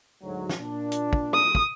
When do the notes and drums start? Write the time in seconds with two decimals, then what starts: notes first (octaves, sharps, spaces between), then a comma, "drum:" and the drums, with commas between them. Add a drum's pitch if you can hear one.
0.22 D2 G#2 F#3
0.49 drum: snare
0.60 A#2 D4
0.92 drum: hi-hat
1.13 drum: kick
1.34 D#6
1.55 drum: kick